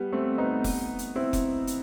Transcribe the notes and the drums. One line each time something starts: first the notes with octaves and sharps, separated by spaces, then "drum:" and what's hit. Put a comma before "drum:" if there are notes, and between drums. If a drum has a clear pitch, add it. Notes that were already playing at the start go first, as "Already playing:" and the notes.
Already playing: G3 B3
A3 C4
B3 D#4
drum: kick F1, open hi-hat
drum: hi-hat
C4 E4
drum: kick F1, hi-hat
drum: hi-hat